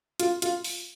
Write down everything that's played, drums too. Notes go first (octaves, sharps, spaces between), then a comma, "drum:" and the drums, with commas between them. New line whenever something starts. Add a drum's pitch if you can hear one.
F4, drum: hi-hat
F4, drum: hi-hat
drum: open hi-hat